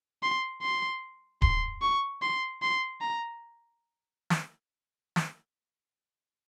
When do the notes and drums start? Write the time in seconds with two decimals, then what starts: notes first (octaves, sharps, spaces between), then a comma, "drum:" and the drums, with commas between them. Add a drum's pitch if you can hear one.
0.23 C6
0.62 C6
1.42 C6, drum: kick D1
1.82 C#6
2.22 C6
2.62 C6
3.01 A#5
4.30 drum: snare
5.16 drum: snare